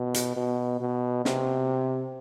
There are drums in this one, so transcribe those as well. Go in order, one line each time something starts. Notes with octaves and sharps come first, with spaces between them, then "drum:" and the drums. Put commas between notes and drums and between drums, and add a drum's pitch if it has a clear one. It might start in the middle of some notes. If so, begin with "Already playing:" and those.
Already playing: B2
drum: hi-hat
B2
B2
C3, drum: snare